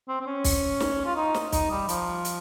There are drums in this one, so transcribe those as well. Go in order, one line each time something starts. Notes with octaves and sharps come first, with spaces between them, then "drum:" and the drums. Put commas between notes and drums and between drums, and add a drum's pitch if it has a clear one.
C4
C4
C#4
drum: kick, open hi-hat
drum: snare
F4
D#4
drum: snare
D#4, drum: kick, hi-hat
G3
F3, drum: hi-hat
drum: hi-hat